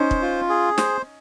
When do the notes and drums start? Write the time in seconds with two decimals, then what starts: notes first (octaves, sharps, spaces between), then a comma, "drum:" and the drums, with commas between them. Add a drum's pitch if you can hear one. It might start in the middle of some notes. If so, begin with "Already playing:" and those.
Already playing: C#4 D#4 C5
0.11 drum: kick
0.22 F4
0.49 G#4
0.78 C5, drum: snare